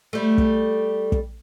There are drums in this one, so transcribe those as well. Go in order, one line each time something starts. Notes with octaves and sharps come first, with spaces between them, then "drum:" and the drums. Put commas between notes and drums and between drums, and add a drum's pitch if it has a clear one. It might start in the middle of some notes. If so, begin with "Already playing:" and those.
G3 A3
drum: kick
drum: kick